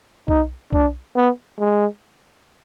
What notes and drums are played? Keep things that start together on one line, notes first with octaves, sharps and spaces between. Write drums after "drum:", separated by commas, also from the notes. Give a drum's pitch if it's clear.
D#4, drum: kick
D4, drum: kick
B3
G#3